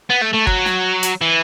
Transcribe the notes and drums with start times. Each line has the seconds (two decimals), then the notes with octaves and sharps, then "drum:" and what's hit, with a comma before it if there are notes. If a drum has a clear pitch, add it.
0.10 B3
0.22 A3
0.34 A3
0.47 F#3, drum: kick
0.66 drum: snare
1.03 drum: hi-hat
1.21 E3